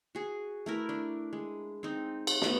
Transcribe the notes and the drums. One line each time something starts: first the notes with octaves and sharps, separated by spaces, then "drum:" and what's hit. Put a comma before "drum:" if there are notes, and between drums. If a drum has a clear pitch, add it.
F#4 G#4
A3 E4 A#4
D4
G#3
C4 D#4
drum: cymbal
A3 B3 F#4, drum: snare